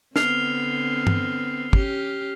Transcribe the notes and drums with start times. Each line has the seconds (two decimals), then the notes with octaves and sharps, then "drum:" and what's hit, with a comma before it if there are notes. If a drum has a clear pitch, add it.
0.16 D3 B3 C4 F6 C7 F7, drum: snare
1.07 drum: tom G2
1.73 C#4 G4, drum: kick